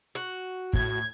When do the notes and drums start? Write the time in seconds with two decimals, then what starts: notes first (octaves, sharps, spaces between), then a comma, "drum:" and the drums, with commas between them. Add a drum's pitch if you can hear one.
0.15 F#4
0.73 A2 G#6, drum: kick